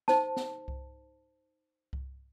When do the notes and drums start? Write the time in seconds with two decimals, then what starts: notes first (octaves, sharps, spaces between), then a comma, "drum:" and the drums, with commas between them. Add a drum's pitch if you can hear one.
0.08 D#4 C5 A5, drum: snare
0.37 drum: snare
0.68 drum: kick C2
1.93 drum: kick C2